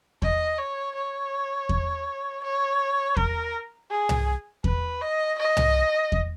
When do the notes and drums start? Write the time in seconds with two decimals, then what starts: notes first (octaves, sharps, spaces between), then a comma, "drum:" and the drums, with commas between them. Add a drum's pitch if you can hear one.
0.22 D#5, drum: kick E2
0.58 C#5
0.96 C#5
1.69 drum: kick E2
2.44 C#5
3.17 A#4, drum: kick E2
3.91 G#4
4.09 drum: tom C2
4.64 B4, drum: kick E2
5.01 D#5
5.38 D#5
5.57 drum: tom C2
6.12 drum: kick E2